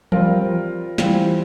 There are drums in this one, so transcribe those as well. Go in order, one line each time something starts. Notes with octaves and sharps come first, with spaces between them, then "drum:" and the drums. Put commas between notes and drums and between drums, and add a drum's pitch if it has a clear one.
G3 C4 F4 A#4, drum: tom E3
E3 G3 C4 F4, drum: snare